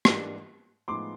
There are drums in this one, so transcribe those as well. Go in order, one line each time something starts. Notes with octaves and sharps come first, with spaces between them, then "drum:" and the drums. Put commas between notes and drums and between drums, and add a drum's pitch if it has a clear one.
G#2 E3 G3 A#3 D4, drum: rim click
A2 F3 G#3 B3 D#4 C6 D6